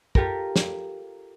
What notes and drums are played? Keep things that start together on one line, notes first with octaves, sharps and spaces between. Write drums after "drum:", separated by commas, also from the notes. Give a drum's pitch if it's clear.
F4 G4 A4 A#4, drum: kick
drum: snare